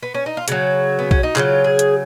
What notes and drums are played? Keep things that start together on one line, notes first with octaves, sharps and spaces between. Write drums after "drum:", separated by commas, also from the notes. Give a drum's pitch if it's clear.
B3
C#4
D#4
F4
C#3 F#3 F#4, drum: hi-hat
B3
C#4, drum: kick B1
D#4
C#3 F#3 F4, drum: clap
G#4
drum: hi-hat